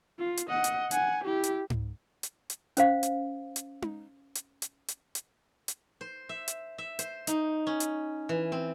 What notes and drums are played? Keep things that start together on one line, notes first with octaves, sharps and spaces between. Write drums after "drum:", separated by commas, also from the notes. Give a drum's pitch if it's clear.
F4
drum: hi-hat
D#5 F#5
drum: hi-hat
F#5 G#5, drum: hi-hat
E4 G4
drum: hi-hat
drum: tom G#2
drum: hi-hat
drum: hi-hat
C#4 C5 F5, drum: hi-hat
drum: hi-hat
drum: hi-hat
drum: tom D#4
drum: hi-hat
drum: hi-hat
drum: hi-hat
drum: hi-hat
drum: hi-hat
C5
E5
drum: hi-hat
E5
C5, drum: hi-hat
D#4, drum: hi-hat
C#4
drum: hi-hat
E3
C4